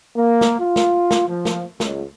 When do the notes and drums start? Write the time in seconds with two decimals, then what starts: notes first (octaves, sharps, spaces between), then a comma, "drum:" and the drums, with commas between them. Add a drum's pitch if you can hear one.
0.16 A#3
0.41 drum: snare
0.60 F4
0.76 drum: snare
1.11 drum: snare
1.27 F3
1.45 drum: snare
1.80 C#2, drum: snare